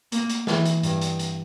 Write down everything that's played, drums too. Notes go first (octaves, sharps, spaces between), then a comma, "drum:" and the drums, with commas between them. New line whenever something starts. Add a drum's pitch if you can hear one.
A#3, drum: hi-hat
drum: hi-hat
E3, drum: snare
drum: hi-hat
G2, drum: hi-hat
drum: hi-hat
drum: hi-hat